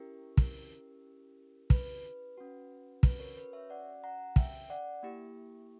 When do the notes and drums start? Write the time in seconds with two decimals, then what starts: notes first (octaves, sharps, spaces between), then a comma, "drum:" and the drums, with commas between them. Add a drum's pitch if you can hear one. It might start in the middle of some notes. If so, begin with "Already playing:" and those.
Already playing: C#4 E4 G4 A#4
0.37 A#4, drum: kick
1.70 B4, drum: kick
2.37 C#4 F#4
3.03 B4, drum: kick
3.19 A#4 C#5
3.37 B4
3.53 C#5 E5
3.70 D5 F#5
4.04 F#5 A#5
4.36 E5 G5, drum: kick
4.70 D5 F#5
5.03 A#3 E4 G4